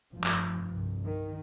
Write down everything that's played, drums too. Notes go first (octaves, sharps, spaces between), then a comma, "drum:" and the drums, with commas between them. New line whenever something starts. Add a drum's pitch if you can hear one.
F1 G2 F3
drum: clap
C2 G2
D#3